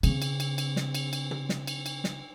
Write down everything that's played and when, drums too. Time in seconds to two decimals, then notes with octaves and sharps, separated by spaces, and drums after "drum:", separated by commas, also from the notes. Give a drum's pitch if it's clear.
0.03 C#3 C4, drum: cymbal
0.22 drum: cymbal
0.40 drum: cymbal
0.58 drum: cymbal
0.76 drum: snare
0.95 drum: cymbal
1.13 drum: cymbal
1.31 drum: tom
1.49 drum: snare
1.67 drum: cymbal
1.86 drum: cymbal
2.04 drum: snare